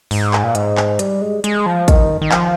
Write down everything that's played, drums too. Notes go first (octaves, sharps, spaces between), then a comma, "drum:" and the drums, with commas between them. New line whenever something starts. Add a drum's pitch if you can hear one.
G#2, drum: open hi-hat
drum: clap
A#2
G#2, drum: hi-hat
drum: clap
G3, drum: hi-hat
G#3
G#3, drum: hi-hat
F3
D#3, drum: kick, hi-hat
D#3
F3, drum: clap